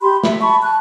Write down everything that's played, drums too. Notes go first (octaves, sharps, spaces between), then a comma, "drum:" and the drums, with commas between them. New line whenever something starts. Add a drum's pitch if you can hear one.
G4 B5 C6
E5, drum: snare
A5 B5 C#6
A5 F#6